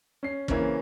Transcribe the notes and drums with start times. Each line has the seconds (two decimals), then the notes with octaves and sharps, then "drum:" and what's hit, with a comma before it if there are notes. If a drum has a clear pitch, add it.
0.23 C#4 C7
0.48 C#3 E3 A#3 C4 C#4, drum: kick